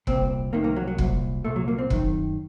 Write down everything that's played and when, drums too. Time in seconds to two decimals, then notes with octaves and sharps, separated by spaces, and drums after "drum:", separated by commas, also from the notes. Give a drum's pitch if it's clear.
0.07 C2 A#2 C4, drum: kick
0.53 C2 C3 D#3 A#3
0.64 A#3
0.76 F#3
0.87 F#3
0.98 C2 A#2, drum: kick
1.45 C2 A#2 A3
1.56 F#3
1.68 A#3
1.78 C4
1.90 F#2 D#3, drum: kick